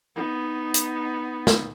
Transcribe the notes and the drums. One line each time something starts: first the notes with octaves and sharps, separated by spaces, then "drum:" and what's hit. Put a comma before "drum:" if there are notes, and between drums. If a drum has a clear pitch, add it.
B3 D#4
drum: hi-hat
drum: snare